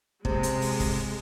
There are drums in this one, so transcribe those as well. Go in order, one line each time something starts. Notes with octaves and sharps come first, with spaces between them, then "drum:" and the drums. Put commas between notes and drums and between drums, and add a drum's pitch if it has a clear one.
C3 G#3, drum: kick
drum: hi-hat
drum: open hi-hat
drum: kick, open hi-hat